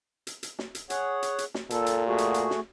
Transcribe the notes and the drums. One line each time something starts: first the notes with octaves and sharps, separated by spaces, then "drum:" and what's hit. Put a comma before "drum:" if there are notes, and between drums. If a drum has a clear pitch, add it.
drum: hi-hat
drum: hi-hat
drum: snare
drum: hi-hat
G#4 C#5 F#5, drum: hi-hat
drum: hi-hat
drum: hi-hat
drum: snare
A#2 A4, drum: hi-hat
drum: hi-hat
A3 F#4 G#4
drum: hi-hat
drum: hi-hat
drum: snare